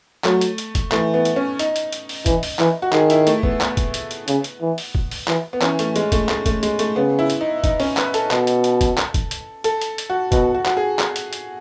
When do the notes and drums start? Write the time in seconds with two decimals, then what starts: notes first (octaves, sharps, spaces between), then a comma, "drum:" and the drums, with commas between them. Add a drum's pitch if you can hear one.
0.24 F#3 A3, drum: clap
0.41 drum: hi-hat
0.58 drum: hi-hat
0.75 drum: kick, hi-hat
0.92 E3 A3, drum: clap
1.14 B3
1.25 drum: hi-hat
1.36 C#4
1.59 D#4, drum: hi-hat
1.76 drum: hi-hat
1.92 drum: hi-hat
2.09 drum: open hi-hat
2.26 E3, drum: kick, hi-hat
2.43 drum: open hi-hat
2.59 E3, drum: clap
2.82 F#4
2.93 D#3 G#4, drum: clap
3.10 E4, drum: hi-hat
3.27 A3, drum: hi-hat
3.43 B3, drum: kick
3.61 B3, drum: clap
3.77 drum: kick, hi-hat
3.94 drum: hi-hat
4.11 drum: hi-hat
4.28 C#3, drum: hi-hat
4.44 drum: hi-hat
4.62 E3
4.78 drum: open hi-hat
4.95 drum: kick
5.11 drum: open hi-hat
5.28 E3, drum: clap
5.53 B3
5.61 E3 C#4, drum: clap
5.79 A3, drum: hi-hat
5.96 G#3, drum: hi-hat
6.12 A3, drum: kick, hi-hat
6.29 A3, drum: clap
6.46 A3, drum: kick, hi-hat
6.63 G#3, drum: hi-hat
6.79 A3, drum: hi-hat
6.96 C#3 B3
7.19 E4
7.30 drum: hi-hat
7.41 D#4
7.64 D#4, drum: kick, hi-hat
7.80 C#4, drum: open hi-hat
7.97 B4, drum: clap
8.14 A4, drum: hi-hat
8.31 B2, drum: clap
8.47 drum: hi-hat
8.64 drum: hi-hat
8.81 drum: kick, hi-hat
8.98 drum: clap
9.14 drum: kick, hi-hat
9.31 drum: hi-hat
9.64 A4, drum: hi-hat
9.81 drum: hi-hat
9.98 drum: hi-hat
10.10 F#4
10.32 B2 F#4, drum: kick, hi-hat
10.55 F#4
10.66 F#4, drum: clap
10.77 G#4
10.99 drum: clap
11.16 drum: hi-hat
11.33 drum: hi-hat